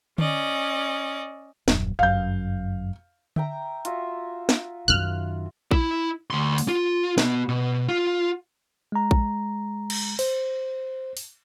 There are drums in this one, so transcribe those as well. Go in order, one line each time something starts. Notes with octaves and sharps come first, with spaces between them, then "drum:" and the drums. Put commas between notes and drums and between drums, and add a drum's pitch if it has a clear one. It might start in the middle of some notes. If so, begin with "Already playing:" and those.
C#4 D5 D#5, drum: tom D3
D#1 F#2, drum: snare
G1 F#2 F5 G6
E5 G5 A#5, drum: tom D3
F4 F#4 E5, drum: hi-hat
drum: snare
F#2 D#3 F6 F#6
E4, drum: kick A#1
D2 C6
drum: open hi-hat
F4
B3 F#4, drum: snare
B2
F4
G#3 A#5
drum: kick A#1
drum: cymbal
C5, drum: open hi-hat
drum: open hi-hat